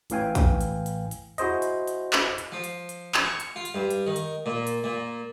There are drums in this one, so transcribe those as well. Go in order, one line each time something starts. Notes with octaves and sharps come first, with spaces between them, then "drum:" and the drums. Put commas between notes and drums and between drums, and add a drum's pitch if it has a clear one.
A1 A2 E3 F5 G5 G#5, drum: hi-hat
drum: kick, hi-hat
drum: hi-hat
drum: hi-hat
drum: hi-hat
E4 F#4 G#4 C5 D#5, drum: hi-hat
drum: hi-hat
drum: hi-hat
drum: clap
drum: hi-hat
F3
drum: hi-hat
drum: hi-hat
drum: clap
C#6
drum: hi-hat
F4
drum: hi-hat
G2
drum: hi-hat
D#3
drum: hi-hat
A#2
drum: hi-hat
A#2